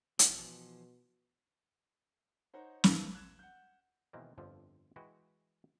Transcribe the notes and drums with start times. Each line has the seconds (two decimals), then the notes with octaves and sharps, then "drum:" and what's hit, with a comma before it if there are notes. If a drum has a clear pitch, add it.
0.19 B2 E3 F3, drum: hi-hat
2.54 D#4 C5 C#5 F#5 A#5
2.84 A#3 C4 E4 G4 B4 C5, drum: snare
3.15 F#6 G#6 E7
3.39 F#5 G6
4.13 B2 D#3 E3 G#3 A#3 C4
4.38 G1 F2 D3 F3
4.96 E3 G#3 E4 F#4 B4 G5